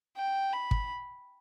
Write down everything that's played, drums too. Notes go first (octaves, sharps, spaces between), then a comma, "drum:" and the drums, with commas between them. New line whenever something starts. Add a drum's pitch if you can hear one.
G5
B5
drum: kick